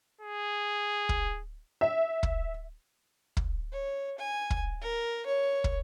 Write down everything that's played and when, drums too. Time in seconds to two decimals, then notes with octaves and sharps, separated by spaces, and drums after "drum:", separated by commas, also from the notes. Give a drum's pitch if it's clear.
0.21 G#4
1.09 drum: kick
1.81 E5
2.23 drum: kick
3.37 drum: kick
3.72 C#5
4.19 G#5
4.50 drum: kick
4.82 A#4
5.26 C#5
5.64 drum: kick